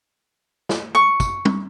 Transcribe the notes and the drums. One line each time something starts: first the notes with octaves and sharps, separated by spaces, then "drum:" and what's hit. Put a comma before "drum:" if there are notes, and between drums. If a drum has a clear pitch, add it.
drum: snare
C#6
drum: kick, tambourine
drum: tom